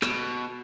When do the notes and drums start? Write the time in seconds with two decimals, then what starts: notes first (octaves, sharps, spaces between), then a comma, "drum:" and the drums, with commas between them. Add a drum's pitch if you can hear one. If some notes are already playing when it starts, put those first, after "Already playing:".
0.02 B2, drum: rim click